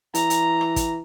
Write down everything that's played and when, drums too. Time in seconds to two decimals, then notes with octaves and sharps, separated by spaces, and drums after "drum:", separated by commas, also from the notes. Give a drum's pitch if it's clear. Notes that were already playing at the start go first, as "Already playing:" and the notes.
0.15 E3 A#5, drum: hi-hat
0.30 drum: hi-hat
0.61 drum: rim click
0.76 drum: kick, hi-hat